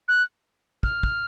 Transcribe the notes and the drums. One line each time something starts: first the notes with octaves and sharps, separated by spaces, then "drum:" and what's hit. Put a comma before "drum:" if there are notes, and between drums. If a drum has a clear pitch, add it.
F#6
F6, drum: kick
drum: kick